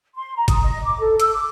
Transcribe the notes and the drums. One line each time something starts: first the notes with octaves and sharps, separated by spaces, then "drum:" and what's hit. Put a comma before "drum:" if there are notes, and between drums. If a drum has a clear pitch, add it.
C6
A#5
D#6, drum: kick G1, hi-hat
D#5
D6
A4
E6, drum: hi-hat
D6